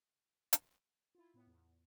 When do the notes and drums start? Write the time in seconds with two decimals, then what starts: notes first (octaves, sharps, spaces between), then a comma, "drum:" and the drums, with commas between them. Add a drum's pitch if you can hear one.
0.53 drum: hi-hat
1.15 E4 F4
1.34 A2 B3
1.47 E2